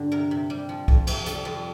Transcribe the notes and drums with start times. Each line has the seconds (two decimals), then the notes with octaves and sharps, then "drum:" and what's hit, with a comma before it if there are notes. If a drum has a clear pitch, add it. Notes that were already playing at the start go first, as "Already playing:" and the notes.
Already playing: G2 D3 G3 D4
0.12 C3 A#4
0.31 C3
0.50 G3
0.69 F3
0.88 F2, drum: kick
1.07 C3, drum: cymbal
1.26 G3 A4, drum: hi-hat
1.45 F2